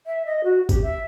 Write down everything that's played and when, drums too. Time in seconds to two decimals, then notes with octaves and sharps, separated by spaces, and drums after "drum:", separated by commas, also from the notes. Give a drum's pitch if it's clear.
0.07 E5
0.26 D#5
0.44 F#4
0.69 G4, drum: kick G1, tambourine
0.83 E5